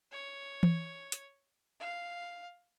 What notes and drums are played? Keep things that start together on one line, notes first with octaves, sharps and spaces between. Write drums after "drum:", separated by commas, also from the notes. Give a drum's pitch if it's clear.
C#5
drum: tom E3
drum: hi-hat
F5